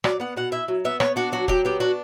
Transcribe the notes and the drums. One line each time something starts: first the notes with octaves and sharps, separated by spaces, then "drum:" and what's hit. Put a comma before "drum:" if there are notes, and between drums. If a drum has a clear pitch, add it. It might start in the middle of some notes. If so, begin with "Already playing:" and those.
F#3 D5, drum: rim click
B3 F#5
B2 F#5
E4 E5
F#3
B3 E5
B3 C#5, drum: rim click
D4 F#4
F#3 F#4
F#3 G4, drum: kick
B3 G4
D4 F#4